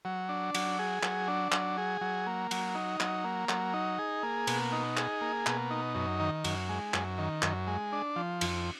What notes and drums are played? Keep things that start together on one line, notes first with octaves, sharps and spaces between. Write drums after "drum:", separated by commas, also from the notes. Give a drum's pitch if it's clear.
F#3
D4
F#3, drum: cymbal
G#4
F#3, drum: clap
D4
F#3, drum: clap
G#4
F#3
A#3
F#3, drum: cymbal
D#4
F#3, drum: clap
A#3
F#3, drum: clap
D#4
G#4
A#3
B2, drum: cymbal
D#4
G#4, drum: clap
A#3
B2, drum: clap
D#4
F#2
D#3
F#2, drum: cymbal
G#3
F#2, drum: clap
D#3
F#2, drum: clap
G#3
D4
F3
F2, drum: cymbal